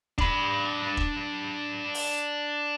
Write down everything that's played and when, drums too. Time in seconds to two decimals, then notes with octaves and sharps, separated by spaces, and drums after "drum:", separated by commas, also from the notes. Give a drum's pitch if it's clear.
0.18 D4 B5, drum: kick E1
0.97 drum: kick E1
1.94 drum: open hi-hat